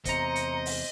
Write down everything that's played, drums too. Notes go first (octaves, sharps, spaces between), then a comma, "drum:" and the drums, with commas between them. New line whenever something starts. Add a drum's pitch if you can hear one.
E2 C3 C5 D#5 A#5 C#7, drum: kick, hi-hat
drum: hi-hat
drum: open hi-hat